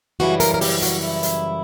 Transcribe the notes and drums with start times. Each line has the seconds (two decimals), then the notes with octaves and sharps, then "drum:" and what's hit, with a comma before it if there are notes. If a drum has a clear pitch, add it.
0.20 F#2 C#3 E3 G3 F#4
0.40 A#4, drum: hi-hat
0.54 A#4
0.61 G4, drum: open hi-hat
0.82 F#4, drum: hi-hat
1.02 E4
1.23 drum: hi-hat